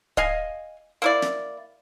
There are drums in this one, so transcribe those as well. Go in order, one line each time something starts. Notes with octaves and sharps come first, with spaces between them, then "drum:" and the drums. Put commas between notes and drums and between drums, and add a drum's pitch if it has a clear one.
D#5 F5 G#5, drum: kick
A#3 E4 D5
drum: snare